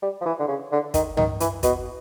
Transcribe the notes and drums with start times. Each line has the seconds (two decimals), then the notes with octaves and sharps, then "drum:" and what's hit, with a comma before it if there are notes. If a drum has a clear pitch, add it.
0.02 G3
0.21 F3
0.26 E3
0.39 D3
0.48 C#3
0.72 D3
0.94 D#3, drum: kick, hi-hat
1.17 D#3, drum: tom
1.40 E3, drum: hi-hat
1.63 B2, drum: kick, hi-hat